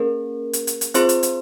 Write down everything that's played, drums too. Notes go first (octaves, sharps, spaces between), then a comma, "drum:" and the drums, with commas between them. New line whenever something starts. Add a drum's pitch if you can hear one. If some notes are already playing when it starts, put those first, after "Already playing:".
Already playing: A#3 C#4 G#4 A#4
drum: hi-hat
drum: hi-hat
drum: hi-hat
C4 F4 G#4 C5 C6, drum: hi-hat
drum: hi-hat
drum: hi-hat